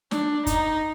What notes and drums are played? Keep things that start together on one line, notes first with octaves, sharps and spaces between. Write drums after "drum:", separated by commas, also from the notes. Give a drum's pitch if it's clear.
D4, drum: snare
D#4, drum: kick, hi-hat